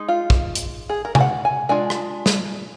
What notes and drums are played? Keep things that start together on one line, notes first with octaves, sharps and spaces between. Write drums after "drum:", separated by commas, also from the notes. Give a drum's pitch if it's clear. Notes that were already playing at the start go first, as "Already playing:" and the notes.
Already playing: G#3 D#4
F4
drum: kick
drum: hi-hat
G#4
A#4
G#5, drum: tom C3
F#5
G#5
G#3 D4 F4 G#5
drum: rim click
drum: snare